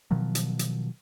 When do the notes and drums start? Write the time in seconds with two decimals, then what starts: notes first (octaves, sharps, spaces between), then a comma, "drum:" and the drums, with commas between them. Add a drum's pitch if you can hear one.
0.11 B2 D#3 F3 F#3
0.35 drum: hi-hat
0.59 drum: hi-hat